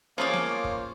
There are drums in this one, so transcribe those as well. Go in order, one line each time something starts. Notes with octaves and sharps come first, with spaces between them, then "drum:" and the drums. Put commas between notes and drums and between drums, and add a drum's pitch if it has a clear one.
F3 A#3 C#4 F4 G#4 C5 C#5 D6
drum: snare B3
drum: kick